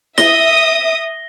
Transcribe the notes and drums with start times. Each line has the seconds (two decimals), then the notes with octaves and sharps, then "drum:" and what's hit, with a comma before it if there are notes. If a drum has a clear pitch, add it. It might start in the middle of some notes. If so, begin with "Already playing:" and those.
0.18 E5 D#6 A#6 G7, drum: snare E4